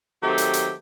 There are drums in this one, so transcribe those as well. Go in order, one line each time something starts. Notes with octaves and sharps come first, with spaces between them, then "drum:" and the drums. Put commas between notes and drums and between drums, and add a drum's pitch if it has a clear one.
D#3 F#3 A3 C4 G4
drum: hi-hat
drum: hi-hat